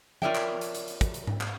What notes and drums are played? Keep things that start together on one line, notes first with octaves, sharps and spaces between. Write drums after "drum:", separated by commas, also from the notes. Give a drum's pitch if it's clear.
F4 A#4 C#5 D5 E5 G5, drum: tom F3
drum: clap
drum: hi-hat
drum: hi-hat
drum: hi-hat
drum: kick, hi-hat
drum: hi-hat
drum: tom G#2
drum: clap